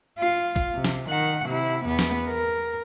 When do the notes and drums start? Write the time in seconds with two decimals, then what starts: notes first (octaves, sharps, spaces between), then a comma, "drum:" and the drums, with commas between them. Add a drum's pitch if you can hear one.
0.19 F4
0.56 drum: kick
0.75 C3
0.84 drum: snare
1.10 D#3 F#5
1.46 C3 E4
1.86 E2 B3
1.99 drum: snare
2.27 A#4